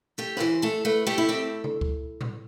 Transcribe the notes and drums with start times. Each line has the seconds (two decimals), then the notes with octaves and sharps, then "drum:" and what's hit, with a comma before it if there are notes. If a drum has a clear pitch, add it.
0.18 A3 G4
0.37 B4, drum: snare
0.40 E3 C5
0.62 A3 A4
0.85 A3 B4
1.07 A3 G4
1.18 E4
1.29 C4 G4
1.64 drum: tom C3
1.81 drum: kick
2.21 drum: tom A2